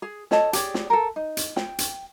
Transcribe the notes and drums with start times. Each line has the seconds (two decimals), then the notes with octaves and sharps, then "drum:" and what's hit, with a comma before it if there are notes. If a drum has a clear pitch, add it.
0.02 G#4
0.31 A4 C#5 D#5 A5, drum: snare
0.53 G4 G#4 C#5 D5, drum: hi-hat
0.74 drum: snare
0.90 A4 A#4
1.16 D#4
1.37 drum: hi-hat
1.56 G5, drum: snare
1.78 drum: hi-hat